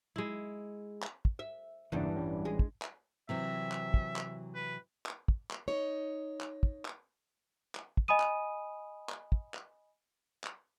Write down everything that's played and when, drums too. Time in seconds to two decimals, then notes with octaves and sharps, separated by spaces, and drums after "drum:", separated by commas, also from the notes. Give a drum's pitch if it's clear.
0.16 G#3 E4
1.02 drum: clap
1.25 drum: kick
1.39 E5
1.92 E1 E2 G2 C#3 E3 A#3 D4
2.16 A1 G3 C#4
2.45 G#3
2.59 drum: kick
2.82 drum: clap
3.29 C3 E3 F#3 E5
3.71 drum: clap
3.94 drum: kick
4.16 drum: clap
4.55 B4
5.06 drum: clap
5.28 drum: kick
5.51 drum: clap
5.68 D#4 C#5
6.40 drum: clap
6.63 drum: kick
6.85 drum: clap
7.75 drum: clap
7.97 drum: kick
8.08 D#5 G#5 B5 D#6 D#7
8.20 drum: clap
9.09 drum: clap
9.32 drum: kick
9.54 drum: clap
10.44 drum: clap